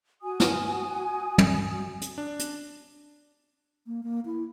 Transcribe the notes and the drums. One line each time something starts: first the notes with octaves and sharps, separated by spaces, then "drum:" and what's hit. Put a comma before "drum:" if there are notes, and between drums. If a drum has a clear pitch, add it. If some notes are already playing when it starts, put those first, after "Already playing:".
F#4 G#5 D#6
drum: snare
drum: tom
drum: hi-hat
D4
drum: hi-hat
A#3
A#3
E4